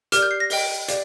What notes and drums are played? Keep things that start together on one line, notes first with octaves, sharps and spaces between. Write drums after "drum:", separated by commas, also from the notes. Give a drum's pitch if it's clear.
G4 A#4 D5 F6, drum: hi-hat
G6
C7
A#6
A#4 D#5 G5, drum: open hi-hat
G4 D5 F5, drum: hi-hat